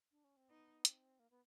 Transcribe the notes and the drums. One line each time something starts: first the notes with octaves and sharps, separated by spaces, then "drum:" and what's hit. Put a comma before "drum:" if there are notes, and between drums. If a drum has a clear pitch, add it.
D4
C#4
C4
B3 D#4
C4, drum: hi-hat
A#3
B3